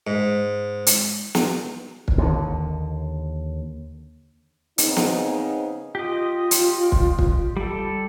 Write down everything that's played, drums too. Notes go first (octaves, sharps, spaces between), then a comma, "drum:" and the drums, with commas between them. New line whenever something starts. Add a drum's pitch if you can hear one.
G#2
drum: hi-hat
drum: snare
drum: kick
D#2 D3
C#3 B3 C4 D#4, drum: hi-hat
drum: snare
F4 G4 D#5
drum: hi-hat
drum: kick
drum: kick
G3 A4